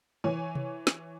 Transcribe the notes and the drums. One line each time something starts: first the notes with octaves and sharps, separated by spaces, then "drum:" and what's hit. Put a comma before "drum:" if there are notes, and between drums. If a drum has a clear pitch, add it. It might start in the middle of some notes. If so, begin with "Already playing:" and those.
E3 C#5 G#5
drum: tom C3
drum: snare